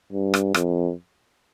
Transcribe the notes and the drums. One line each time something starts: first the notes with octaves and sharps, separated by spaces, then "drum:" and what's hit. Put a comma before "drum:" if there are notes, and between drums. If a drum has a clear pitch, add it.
G2
drum: rim click
F2, drum: rim click